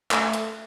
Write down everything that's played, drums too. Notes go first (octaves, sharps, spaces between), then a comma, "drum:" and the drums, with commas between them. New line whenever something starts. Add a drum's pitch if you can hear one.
A3, drum: clap
drum: hi-hat